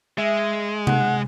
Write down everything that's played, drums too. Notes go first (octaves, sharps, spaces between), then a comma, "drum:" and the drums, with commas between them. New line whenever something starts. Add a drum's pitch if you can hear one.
G#3 E5
F#5, drum: tom C3